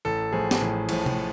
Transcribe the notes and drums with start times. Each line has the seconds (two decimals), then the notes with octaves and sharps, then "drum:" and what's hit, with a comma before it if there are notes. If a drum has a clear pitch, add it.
0.05 A1 A4
0.33 A2 F3 G#4
0.51 drum: snare
0.61 A1
0.89 A2 F3, drum: cymbal
1.06 drum: tom C3